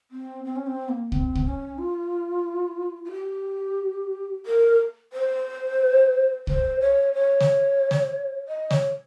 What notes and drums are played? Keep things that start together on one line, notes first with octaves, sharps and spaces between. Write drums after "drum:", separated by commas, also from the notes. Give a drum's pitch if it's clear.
C4
C4
C#4
C4
A#3
C4, drum: kick
drum: kick
C#4
F4
F4
G4
A#4
C5
C5, drum: kick
C#5
C#5
drum: snare
drum: snare
D#5
C#5, drum: snare